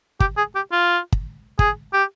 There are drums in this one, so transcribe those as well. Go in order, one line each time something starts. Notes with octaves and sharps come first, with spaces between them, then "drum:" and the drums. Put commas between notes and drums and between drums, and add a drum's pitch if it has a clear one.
G4, drum: kick
G#4
G4
F4
drum: kick
G#4, drum: kick
G4